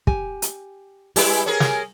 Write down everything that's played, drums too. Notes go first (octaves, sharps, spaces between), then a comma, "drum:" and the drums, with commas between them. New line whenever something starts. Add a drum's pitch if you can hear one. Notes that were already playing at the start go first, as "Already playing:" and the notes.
G4 G#5, drum: kick
drum: hi-hat
G3 G#3 E4 G4 B4, drum: open hi-hat
C#4 G#4 A#4
drum: snare